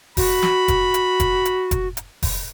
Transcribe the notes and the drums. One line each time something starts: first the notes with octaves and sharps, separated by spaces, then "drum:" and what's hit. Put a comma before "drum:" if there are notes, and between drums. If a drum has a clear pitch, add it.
F#4 B5, drum: kick F1, open hi-hat
drum: snare
drum: kick F1, hi-hat
drum: hi-hat
drum: kick F1, hi-hat
drum: hi-hat
drum: kick F1, hi-hat
drum: hi-hat
drum: kick F1, open hi-hat